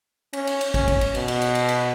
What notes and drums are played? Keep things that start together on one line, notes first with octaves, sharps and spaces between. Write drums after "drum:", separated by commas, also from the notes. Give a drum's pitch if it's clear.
C#4, drum: cymbal
drum: cymbal
drum: cymbal
C#4, drum: kick, cymbal
drum: kick, cymbal
drum: cymbal
B2, drum: cymbal
drum: cymbal
drum: cymbal
drum: cymbal
drum: cymbal